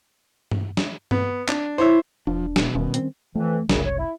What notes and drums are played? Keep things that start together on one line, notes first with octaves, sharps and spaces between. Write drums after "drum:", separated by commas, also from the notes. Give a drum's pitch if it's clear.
drum: tom G2
drum: snare
B3, drum: tom G2
D4, drum: clap
E4 C5 C#5 E5
E1 F3 D4
B2, drum: snare
D#1 D#3 G3 C#4
C4, drum: hi-hat
F2 E3 A3
F#1 C2 A#2 C#3, drum: snare
C#5
E4